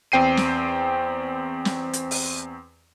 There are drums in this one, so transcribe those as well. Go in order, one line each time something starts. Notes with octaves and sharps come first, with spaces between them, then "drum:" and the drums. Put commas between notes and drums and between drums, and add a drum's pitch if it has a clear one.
E2 C4 G5 C7 D#7
drum: snare
drum: snare
drum: hi-hat
drum: open hi-hat